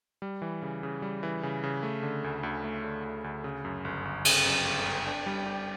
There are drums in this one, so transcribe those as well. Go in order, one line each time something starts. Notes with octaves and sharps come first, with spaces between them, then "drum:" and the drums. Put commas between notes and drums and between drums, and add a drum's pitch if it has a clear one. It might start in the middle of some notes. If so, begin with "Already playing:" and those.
G3
E3
C#3
C#3
G3
E3
C#3
C#3
A3
D3
D2
D2
A3
D3
D2
D2
C#3
F#2
G1
G1
C#3, drum: cymbal
F#2
G1
G1
D4
G3
G4